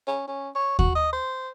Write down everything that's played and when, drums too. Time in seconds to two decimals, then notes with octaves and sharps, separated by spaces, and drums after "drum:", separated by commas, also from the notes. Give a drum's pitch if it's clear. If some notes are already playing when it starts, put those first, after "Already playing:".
0.07 C#4
0.28 C#4
0.55 C#5
0.79 F#4, drum: kick D#2
0.95 D#5
1.13 C5